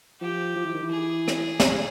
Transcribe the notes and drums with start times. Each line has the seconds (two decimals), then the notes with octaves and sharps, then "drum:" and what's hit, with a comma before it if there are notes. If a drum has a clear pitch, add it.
0.21 F3 G4
0.55 F3
0.65 E3
0.74 D#3
0.83 E3
0.90 G#4
1.28 drum: rim click
1.60 C#3, drum: snare